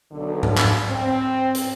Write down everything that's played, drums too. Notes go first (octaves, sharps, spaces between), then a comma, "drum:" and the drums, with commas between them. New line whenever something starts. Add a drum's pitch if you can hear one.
B1 D3
drum: tom G#2
drum: clap
C4
drum: hi-hat